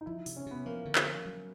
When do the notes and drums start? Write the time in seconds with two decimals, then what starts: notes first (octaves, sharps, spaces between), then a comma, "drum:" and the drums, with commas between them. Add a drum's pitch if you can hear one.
0.01 D#4
0.06 F3 E4
0.26 C3, drum: open hi-hat
0.36 C#4
0.46 C3 B3
0.66 F3 A#3
0.85 D3
0.95 A#3, drum: clap
1.06 F3
1.26 F#3